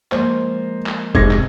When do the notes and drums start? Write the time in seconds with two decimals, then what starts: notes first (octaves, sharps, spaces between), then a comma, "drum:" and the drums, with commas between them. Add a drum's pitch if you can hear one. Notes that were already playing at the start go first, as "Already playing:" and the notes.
0.12 F3 G#3 A#3 C5, drum: clap
0.86 drum: clap
1.15 F1 G#2 C3 G#6 A#6, drum: kick
1.31 drum: clap